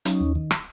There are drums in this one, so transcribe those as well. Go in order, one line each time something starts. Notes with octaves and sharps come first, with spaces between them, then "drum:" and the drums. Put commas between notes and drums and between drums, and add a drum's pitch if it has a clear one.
F#3 C#4 D#4, drum: hi-hat
D#2
D#3
drum: rim click